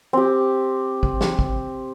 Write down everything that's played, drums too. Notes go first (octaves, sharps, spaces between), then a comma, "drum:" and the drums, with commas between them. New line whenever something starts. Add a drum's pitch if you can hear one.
C4 G4
drum: kick
drum: snare
drum: kick